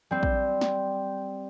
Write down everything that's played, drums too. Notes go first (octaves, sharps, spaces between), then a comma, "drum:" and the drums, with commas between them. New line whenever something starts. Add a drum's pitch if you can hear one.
G3 C4
drum: kick
drum: snare